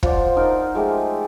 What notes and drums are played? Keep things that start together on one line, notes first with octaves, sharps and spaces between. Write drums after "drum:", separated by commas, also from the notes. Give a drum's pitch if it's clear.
F3 C5 D5 F#5, drum: kick
D#4 A#4
F3 G#3 A3 G4